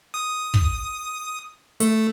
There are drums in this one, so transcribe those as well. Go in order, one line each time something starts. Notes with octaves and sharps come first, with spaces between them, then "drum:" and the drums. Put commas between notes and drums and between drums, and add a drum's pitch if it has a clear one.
D#6
drum: kick
A3, drum: hi-hat